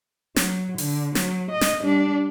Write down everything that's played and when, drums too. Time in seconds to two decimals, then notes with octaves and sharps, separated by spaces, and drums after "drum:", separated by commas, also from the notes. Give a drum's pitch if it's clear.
0.36 F#3, drum: snare
0.78 D3, drum: open hi-hat
1.15 F#3, drum: snare
1.51 D#5
1.61 drum: snare
1.82 G3 D4